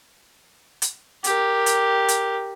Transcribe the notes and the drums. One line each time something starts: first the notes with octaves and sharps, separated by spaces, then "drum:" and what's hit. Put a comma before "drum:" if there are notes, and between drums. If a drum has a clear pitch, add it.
drum: hi-hat
G4 A#4, drum: hi-hat
drum: hi-hat
drum: hi-hat